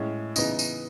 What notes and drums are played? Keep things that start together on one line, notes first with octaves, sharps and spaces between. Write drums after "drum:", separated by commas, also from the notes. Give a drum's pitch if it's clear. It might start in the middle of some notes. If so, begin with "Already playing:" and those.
Already playing: A2 G#3 C#4
C#3 E3 B3 D#4 D#5, drum: tambourine
drum: tambourine